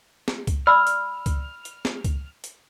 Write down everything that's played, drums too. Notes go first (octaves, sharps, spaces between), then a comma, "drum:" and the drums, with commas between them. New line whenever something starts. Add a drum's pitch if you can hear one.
drum: snare
drum: kick C#2, hi-hat
D5 B5 E6 F6
drum: hi-hat
drum: kick C#2, hi-hat
drum: hi-hat
drum: snare
drum: kick C#2, hi-hat
drum: hi-hat